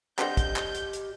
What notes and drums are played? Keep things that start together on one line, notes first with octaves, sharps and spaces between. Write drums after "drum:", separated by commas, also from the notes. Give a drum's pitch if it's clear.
D3 G3 C4 G4 D#5 G6, drum: clap
drum: kick, hi-hat
drum: clap
drum: hi-hat
drum: hi-hat